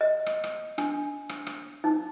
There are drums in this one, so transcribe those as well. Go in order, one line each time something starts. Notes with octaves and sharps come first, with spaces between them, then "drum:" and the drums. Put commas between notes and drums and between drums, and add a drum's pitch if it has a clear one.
D#5
drum: rim click
drum: rim click
D4, drum: rim click
drum: rim click
drum: rim click
D#4